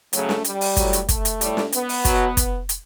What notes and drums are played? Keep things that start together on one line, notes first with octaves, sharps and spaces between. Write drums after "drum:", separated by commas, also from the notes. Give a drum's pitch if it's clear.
C#3 F#3 A3, drum: hi-hat
drum: snare
G3, drum: hi-hat
drum: open hi-hat
A2 F#3, drum: kick, hi-hat
drum: hi-hat
A3, drum: kick, hi-hat
drum: hi-hat
A2 G3, drum: hi-hat
drum: snare
B3, drum: hi-hat
drum: open hi-hat
B2 F#3, drum: kick, hi-hat
drum: kick, hi-hat
drum: hi-hat